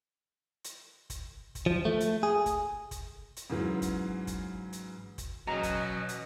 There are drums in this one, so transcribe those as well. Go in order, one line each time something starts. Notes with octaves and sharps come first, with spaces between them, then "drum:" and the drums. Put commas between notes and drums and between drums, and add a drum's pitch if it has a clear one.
drum: hi-hat
drum: kick, hi-hat
drum: kick, hi-hat
F3
A3
drum: hi-hat
G#4
drum: kick, hi-hat
drum: kick, hi-hat
drum: hi-hat
G#2 C#3 E3 F#3
drum: kick, hi-hat
drum: kick, hi-hat
drum: hi-hat
drum: kick, hi-hat
B2 E3 F#3 C#4 D#5 A#5
drum: kick, hi-hat
drum: hi-hat